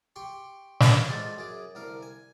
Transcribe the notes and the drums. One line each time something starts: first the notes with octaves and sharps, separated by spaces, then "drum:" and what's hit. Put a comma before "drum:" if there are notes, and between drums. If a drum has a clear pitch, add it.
G4 G5 C6 C#6
drum: snare
G#3 B3 F4 A4 C5 D5
F#2 G#4 D6
C2 D3 A#4 F5
G#5